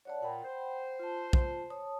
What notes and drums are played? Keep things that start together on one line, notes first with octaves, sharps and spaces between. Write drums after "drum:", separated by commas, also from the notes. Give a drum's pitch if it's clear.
G2 C#5 D5 F#5 A5
A#2 F#5 G5 B5
C5
F4 A5
drum: kick
C#5 A5 D#6